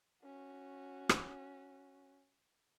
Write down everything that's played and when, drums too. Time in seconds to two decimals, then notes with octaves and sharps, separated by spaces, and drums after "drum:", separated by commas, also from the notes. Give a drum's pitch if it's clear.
0.24 C#4 F#4
1.09 drum: rim click